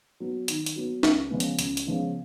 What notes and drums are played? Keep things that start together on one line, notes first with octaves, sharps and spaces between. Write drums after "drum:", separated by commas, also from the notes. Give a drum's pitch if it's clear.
F#3 B3
D#3, drum: hi-hat
drum: hi-hat
F#3 B3
C#2, drum: snare
C#3 F3 G#3 B3
drum: hi-hat
C#2, drum: hi-hat
drum: hi-hat
C#3 F3 G#3 B3